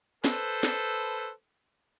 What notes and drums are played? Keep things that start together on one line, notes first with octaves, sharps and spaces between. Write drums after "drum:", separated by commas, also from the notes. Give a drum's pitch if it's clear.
A4 B4 C5, drum: snare
drum: snare